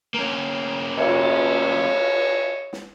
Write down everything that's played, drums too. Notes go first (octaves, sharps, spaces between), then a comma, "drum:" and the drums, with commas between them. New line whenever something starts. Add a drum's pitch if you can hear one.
A#3 C#4
C#5, drum: cymbal
drum: snare